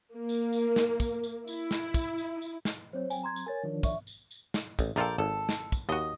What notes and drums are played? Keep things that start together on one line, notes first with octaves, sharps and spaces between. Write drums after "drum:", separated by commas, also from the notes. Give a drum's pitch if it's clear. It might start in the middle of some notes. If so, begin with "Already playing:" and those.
A#3
drum: tambourine
drum: tambourine
drum: snare
drum: kick, tambourine
drum: tambourine
E4, drum: tambourine
drum: snare
drum: kick, tambourine
drum: tambourine
drum: tambourine
drum: snare
F#3 C4 C5 C#5
G5 G#5, drum: tambourine
A#5 C6 G#6
drum: tambourine
A#4 C#5 G#5 A6
D#3 F3 D4
D5 E5 C#6, drum: kick, tambourine
drum: tambourine
drum: tambourine
drum: snare
A1, drum: kick, tambourine
A#1 F4 A4 A#4 D5 G5
G#1 A4
drum: snare
drum: kick, tambourine
D#2 F#4 D#5 D#6